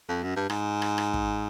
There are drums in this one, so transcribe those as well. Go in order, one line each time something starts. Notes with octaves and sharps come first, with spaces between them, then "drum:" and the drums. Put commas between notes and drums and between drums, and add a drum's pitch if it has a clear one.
F2
F#2
G2
G#2, drum: rim click
drum: rim click
drum: rim click
drum: kick